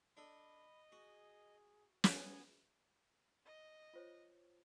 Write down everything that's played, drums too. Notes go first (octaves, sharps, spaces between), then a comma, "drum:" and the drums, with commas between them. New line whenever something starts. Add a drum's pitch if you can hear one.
D4 A4 D#5 B5
F#4 G#4
B3 G#5, drum: snare
D#5
F4 C5 C#5